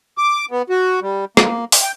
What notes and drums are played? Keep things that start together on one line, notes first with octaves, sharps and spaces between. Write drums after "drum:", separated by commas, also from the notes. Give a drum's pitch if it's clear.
D6
B3
F#4
G3
A#3, drum: rim click
drum: open hi-hat
G5